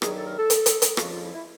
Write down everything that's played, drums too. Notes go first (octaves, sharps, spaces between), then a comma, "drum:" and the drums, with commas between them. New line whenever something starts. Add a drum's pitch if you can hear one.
G2 D#3 F#3 G#4, drum: rim click
A4
A#4
A4
drum: hi-hat
drum: hi-hat
drum: hi-hat
F2 C#3 F3 F#4, drum: rim click
F4
E4
E4